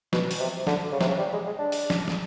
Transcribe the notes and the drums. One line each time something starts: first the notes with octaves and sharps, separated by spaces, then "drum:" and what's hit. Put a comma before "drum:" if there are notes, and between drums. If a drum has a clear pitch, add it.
B2, drum: snare
drum: open hi-hat
C3
D3, drum: snare
C#3
C3, drum: snare
C#3
G3
G#3
G#3
D4
drum: open hi-hat
drum: snare
drum: snare